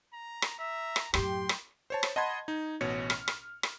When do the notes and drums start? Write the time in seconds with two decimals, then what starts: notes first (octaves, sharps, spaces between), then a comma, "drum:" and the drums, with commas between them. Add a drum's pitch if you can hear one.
0.13 A#5
0.42 drum: rim click
0.59 E5 A#5
0.96 drum: rim click
1.14 F#2 A2 G4 G5 C6, drum: rim click
1.49 drum: rim click
1.90 C5 C#5 A5
2.03 drum: rim click
2.16 D#5 F#5 A5 B5 C6 G#6
2.48 D#4
2.81 A1 B2 C#5 C#7
3.10 F6, drum: rim click
3.28 drum: rim click
3.63 drum: rim click